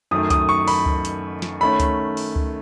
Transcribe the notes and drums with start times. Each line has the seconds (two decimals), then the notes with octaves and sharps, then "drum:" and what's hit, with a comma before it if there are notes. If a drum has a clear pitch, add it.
0.11 F#2 D#3 A3 D#6
0.30 D#6, drum: kick C#2, hi-hat
0.49 C#6
0.68 B5, drum: open hi-hat
0.86 drum: kick C#2
1.05 drum: hi-hat
1.42 drum: snare
1.61 D#3 A3 C#4 B5
1.80 drum: kick C#2, hi-hat
2.17 drum: open hi-hat
2.36 drum: kick C#2